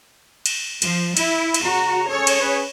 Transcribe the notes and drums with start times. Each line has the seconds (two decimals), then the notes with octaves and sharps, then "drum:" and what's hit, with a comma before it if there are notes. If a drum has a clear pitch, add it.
0.46 drum: cymbal
0.82 F3, drum: cymbal
1.17 E4, drum: cymbal
1.54 drum: cymbal
1.64 C#3 F#4 A#5
2.08 C#4 G#4 A4 C#5
2.27 drum: cymbal
2.40 C#4 G#4 B4